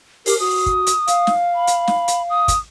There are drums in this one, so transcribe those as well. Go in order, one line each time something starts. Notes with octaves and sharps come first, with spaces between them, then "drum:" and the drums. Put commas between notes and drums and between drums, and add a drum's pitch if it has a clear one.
G4 A#4, drum: open hi-hat
F#4 D#6
drum: kick
drum: hi-hat
F5, drum: hi-hat
drum: snare
B5
drum: hi-hat
drum: snare
drum: hi-hat
D#6
drum: kick, hi-hat